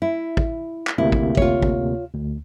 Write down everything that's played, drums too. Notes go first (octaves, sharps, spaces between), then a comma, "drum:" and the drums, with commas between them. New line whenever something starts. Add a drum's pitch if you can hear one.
E4
drum: kick
drum: clap
D2 C3 A#3 E4
drum: kick
F4 C#5, drum: kick
drum: kick
D2